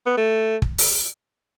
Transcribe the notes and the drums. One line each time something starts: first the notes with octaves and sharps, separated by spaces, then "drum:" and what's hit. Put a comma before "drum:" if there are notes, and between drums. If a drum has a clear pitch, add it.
B3
A3
drum: kick
drum: open hi-hat